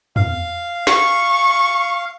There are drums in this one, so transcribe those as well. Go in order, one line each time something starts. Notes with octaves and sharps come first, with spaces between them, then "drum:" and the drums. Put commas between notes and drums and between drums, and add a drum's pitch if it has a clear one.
F5, drum: tom E2
C#6, drum: snare